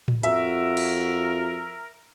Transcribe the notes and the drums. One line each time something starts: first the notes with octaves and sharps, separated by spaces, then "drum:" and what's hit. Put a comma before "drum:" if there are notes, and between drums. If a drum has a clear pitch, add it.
drum: tom A2
F2 F#4 A#4 E5, drum: hi-hat
drum: cymbal